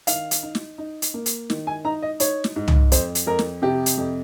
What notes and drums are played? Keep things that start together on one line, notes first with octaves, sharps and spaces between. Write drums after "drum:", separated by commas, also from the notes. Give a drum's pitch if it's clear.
D#3 F5, drum: hi-hat
drum: hi-hat
D#4
drum: snare
D#4
drum: hi-hat
A#3
drum: hi-hat
D#3, drum: snare
G#5
D#4 A#5
D#5
D#4 C#5, drum: hi-hat
drum: snare
G#2
drum: tom
F2 C5, drum: hi-hat
drum: hi-hat
F2 A#4
drum: snare
C3 G4
drum: hi-hat
F2